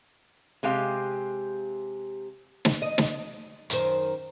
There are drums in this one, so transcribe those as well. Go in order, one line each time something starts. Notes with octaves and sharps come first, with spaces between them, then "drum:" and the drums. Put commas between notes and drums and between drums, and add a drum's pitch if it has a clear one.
C3 G#3 G4 F5
drum: snare
D#5
drum: snare
F#2 D#3 C5, drum: hi-hat